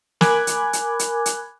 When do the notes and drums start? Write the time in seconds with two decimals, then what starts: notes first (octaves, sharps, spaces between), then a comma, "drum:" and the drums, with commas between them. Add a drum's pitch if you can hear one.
0.21 A#4 G#5 B5 D6 F#6 G#6, drum: snare
0.47 drum: hi-hat
0.73 drum: hi-hat
0.99 drum: hi-hat
1.26 drum: hi-hat